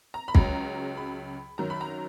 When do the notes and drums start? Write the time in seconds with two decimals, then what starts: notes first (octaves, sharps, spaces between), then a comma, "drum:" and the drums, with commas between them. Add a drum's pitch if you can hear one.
0.14 A#5
0.28 B5
0.35 C#2 C#3 F#3 A#5, drum: kick
0.97 B5
1.58 F#2 D#3 F#3 A#5
1.70 B5
1.81 A#5